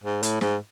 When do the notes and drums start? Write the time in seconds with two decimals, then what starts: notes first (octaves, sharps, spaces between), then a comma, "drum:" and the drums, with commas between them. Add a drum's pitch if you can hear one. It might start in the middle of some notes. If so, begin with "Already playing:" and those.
0.04 G#2
0.23 A2, drum: hi-hat
0.41 G#2, drum: snare